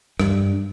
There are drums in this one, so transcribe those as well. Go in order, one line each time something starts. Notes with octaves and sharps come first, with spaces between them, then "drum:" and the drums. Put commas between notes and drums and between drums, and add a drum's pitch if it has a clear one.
G2, drum: rim click